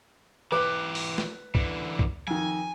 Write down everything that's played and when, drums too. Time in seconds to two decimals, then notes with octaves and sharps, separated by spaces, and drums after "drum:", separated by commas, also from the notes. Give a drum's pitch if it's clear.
0.52 E3 G4 B4 D6
0.95 drum: open hi-hat
1.18 drum: snare
1.55 D3 E3, drum: kick C2
1.99 drum: kick C2
2.28 F2 D#3 G#5